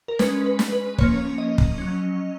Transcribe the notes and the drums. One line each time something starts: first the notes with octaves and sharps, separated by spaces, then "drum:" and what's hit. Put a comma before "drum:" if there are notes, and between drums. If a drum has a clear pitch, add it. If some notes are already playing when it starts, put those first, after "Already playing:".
A#4
G#3 C#4 B4, drum: snare
B4
drum: snare
B4
F3 A#3 C#4 C#5, drum: kick
D#5
drum: kick
F#3 C#4